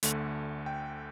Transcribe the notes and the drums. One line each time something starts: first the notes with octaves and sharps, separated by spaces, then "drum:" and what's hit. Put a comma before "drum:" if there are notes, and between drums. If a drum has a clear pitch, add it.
D2 D3 A3, drum: hi-hat
G5